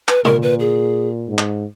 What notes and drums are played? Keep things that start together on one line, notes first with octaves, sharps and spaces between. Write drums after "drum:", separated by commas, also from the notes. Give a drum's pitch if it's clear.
B4, drum: clap
A#2 A#4, drum: tom C3
B4
G#4
G#2
drum: clap